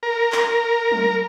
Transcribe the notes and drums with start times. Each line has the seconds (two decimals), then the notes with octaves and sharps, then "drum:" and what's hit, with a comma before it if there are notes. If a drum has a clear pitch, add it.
0.03 A#4
0.32 drum: clap
0.92 drum: tom F#3